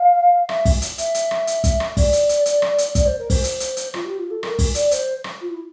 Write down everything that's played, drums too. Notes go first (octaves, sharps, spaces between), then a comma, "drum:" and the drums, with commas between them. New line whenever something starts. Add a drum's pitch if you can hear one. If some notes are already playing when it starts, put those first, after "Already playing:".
Already playing: F5
E5, drum: rim click
drum: kick, open hi-hat
drum: hi-hat
E5, drum: hi-hat
drum: hi-hat
drum: rim click
drum: hi-hat
drum: kick, hi-hat
drum: rim click
D5, drum: kick, open hi-hat
drum: hi-hat
drum: hi-hat
drum: hi-hat
drum: rim click
drum: hi-hat
D5, drum: kick, hi-hat
C5
A#4
C5, drum: kick, open hi-hat
drum: hi-hat
drum: hi-hat
drum: hi-hat
F4, drum: rim click
G4
F4
A4
A#4, drum: rim click
drum: kick, open hi-hat
D5, drum: hi-hat
C5, drum: hi-hat
drum: rim click
F4
E4